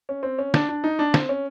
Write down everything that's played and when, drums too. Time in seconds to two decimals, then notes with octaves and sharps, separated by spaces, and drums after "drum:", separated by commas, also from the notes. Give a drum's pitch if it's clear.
0.09 C#4
0.23 C4
0.38 C#4
0.54 D4, drum: snare
0.69 D4
0.84 D#4
0.99 D4
1.14 C4, drum: snare
1.29 C#4